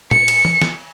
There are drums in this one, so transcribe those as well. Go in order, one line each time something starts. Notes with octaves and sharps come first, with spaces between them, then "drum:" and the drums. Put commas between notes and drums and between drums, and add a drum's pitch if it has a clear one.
C#7, drum: tom A#2
drum: cymbal
drum: tom E3
drum: snare